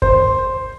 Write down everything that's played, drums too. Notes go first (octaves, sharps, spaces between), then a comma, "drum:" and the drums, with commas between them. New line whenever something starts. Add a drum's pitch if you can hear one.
C5, drum: kick